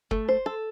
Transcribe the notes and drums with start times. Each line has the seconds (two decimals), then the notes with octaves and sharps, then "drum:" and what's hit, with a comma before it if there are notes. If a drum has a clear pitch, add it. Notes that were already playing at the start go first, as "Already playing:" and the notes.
0.11 A3, drum: kick
0.29 C5
0.46 A4